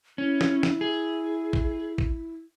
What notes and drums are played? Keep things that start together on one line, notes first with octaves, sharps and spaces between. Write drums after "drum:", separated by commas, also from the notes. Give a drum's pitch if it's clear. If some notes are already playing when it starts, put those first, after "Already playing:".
C#4 E4
drum: snare
drum: snare
G#4
drum: kick A1
drum: kick A1